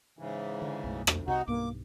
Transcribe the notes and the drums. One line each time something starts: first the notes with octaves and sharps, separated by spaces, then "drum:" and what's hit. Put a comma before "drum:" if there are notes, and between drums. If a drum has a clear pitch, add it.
G#2 C#3 E3
D3
B1 F#2 A3
drum: rim click
C2 C3 D#4 F#4 F#5
B1 G2 A#3 D6